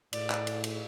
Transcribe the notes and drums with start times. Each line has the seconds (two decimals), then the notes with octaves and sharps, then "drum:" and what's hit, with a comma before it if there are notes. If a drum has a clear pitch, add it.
0.13 A2 D5, drum: cymbal
0.30 drum: clap
0.47 drum: cymbal
0.64 drum: cymbal